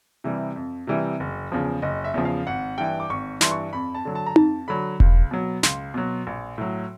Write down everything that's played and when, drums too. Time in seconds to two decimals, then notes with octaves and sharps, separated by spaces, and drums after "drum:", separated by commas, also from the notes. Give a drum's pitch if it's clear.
0.24 C3 E3 G3
0.56 F2
0.87 C3 E3 G3
1.20 F#1
1.52 E2 C#3 F3
1.82 F#1 D#5
2.04 E5
2.14 E2 C#3 F3
2.25 F5
2.47 G#1 F#5
2.78 G2 E3 G5
3.00 D6
3.10 G#1 C#6
3.41 G2 E3 C6, drum: snare
3.51 C#6
3.73 F2 B5
3.95 A5
4.05 D3 F#3
4.15 A5
4.26 A#5
4.36 F2 A5, drum: tom D#4
4.68 D3 F#3 B5
5.00 C#2, drum: kick E1
5.31 B2 F#3
5.63 C#2 C6, drum: snare
5.94 B2 F#3
6.27 A#1
6.58 A2 F#3